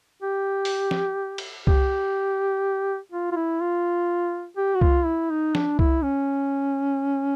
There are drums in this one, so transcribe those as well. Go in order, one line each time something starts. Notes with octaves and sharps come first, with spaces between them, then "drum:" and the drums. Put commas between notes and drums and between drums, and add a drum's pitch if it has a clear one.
G4
drum: open hi-hat
drum: snare
drum: cymbal
G4, drum: kick C2
F4
F4
E4
F4
G4
F#4
F4, drum: kick C2
E4
D#4
D4, drum: snare
E4, drum: kick C2
C#4